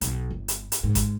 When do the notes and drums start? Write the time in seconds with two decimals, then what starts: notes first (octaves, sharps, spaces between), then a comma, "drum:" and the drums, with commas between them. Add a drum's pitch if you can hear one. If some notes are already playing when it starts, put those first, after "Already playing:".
0.01 B1, drum: hi-hat
0.30 G1
0.48 drum: hi-hat
0.72 drum: hi-hat
0.83 G#2
0.95 drum: kick G#1, hi-hat